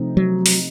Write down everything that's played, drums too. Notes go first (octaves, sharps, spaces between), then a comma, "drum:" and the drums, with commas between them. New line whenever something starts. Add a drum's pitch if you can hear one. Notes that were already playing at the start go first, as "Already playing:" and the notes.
Already playing: C3 F3 A3 C4 D#4
F#3
drum: open hi-hat